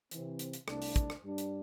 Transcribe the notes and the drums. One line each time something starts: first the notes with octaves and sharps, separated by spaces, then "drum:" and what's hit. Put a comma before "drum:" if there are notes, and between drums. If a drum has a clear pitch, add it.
C3 E3 C4, drum: hi-hat
drum: hi-hat
drum: hi-hat
C2 C3 A3 D4, drum: rim click
drum: open hi-hat
drum: kick, hi-hat
drum: rim click
G2 G3 D4
drum: hi-hat